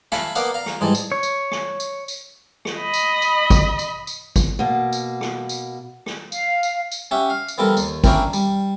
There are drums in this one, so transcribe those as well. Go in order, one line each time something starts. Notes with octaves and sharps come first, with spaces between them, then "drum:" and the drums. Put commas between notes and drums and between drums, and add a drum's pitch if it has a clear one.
E5 F5 G#5 A5 B5, drum: rim click
A#3 B3 D5 F5 F#5, drum: tambourine
F5 A#5
drum: rim click
G#2 E3 G3 G#5 A5
drum: tambourine
C#5
drum: tambourine
drum: rim click
drum: tambourine
drum: tambourine
drum: rim click
D#5 B5
drum: tambourine
drum: tambourine
drum: kick, tambourine
drum: tambourine
drum: tambourine
drum: kick, tambourine
B2 A#3
drum: tambourine
drum: rim click
drum: tambourine
drum: rim click
F5, drum: tambourine
drum: tambourine
drum: tambourine
C#4 G4 E5 F#5
F5
drum: tambourine
E3 F3 G3 B3 A4 A#4
D#2, drum: tambourine
A#3 C#4 D4 E4 A#4 G5, drum: kick, tambourine
G3, drum: tambourine